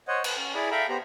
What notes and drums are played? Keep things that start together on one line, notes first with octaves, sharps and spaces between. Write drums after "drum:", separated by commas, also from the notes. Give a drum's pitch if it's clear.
C5 C#5 D#5 F#5
B4, drum: cymbal
C#4
E4 G#4 D5 B5 D6
A4 E5 F5 G5 A#5 B5
B3 G4 C5 A#5